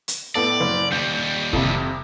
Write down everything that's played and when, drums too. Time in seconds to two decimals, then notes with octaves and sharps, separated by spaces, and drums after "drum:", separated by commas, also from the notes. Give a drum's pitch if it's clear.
0.08 drum: hi-hat
0.35 A2 B3 A4 D5
0.60 F#1
0.92 D#2 G3 G6
1.53 F2 C3, drum: kick